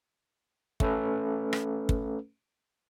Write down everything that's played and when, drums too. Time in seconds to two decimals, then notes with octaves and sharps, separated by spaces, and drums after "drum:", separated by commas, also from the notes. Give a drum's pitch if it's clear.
0.80 A3 C#4 A4 B4, drum: kick
1.53 drum: rim click
1.89 drum: kick